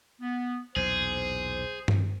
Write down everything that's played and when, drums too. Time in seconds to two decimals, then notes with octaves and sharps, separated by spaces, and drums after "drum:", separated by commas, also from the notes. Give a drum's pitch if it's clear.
0.21 B3
0.76 B1 E2 A#2 G#4 C5
1.88 drum: tom G2